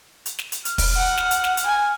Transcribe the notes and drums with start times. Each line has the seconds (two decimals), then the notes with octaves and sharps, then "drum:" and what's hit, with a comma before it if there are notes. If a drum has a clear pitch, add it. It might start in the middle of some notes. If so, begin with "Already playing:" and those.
0.26 drum: hi-hat
0.39 drum: snare
0.52 drum: hi-hat
0.65 F6, drum: hi-hat
0.78 drum: kick, open hi-hat
0.96 F#5
1.18 drum: snare
1.31 drum: hi-hat
1.44 drum: snare
1.57 drum: hi-hat
1.66 G#5